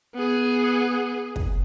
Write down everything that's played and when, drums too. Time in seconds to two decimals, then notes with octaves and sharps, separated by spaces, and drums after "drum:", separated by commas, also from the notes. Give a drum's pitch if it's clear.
0.15 B3 G#4
1.36 drum: kick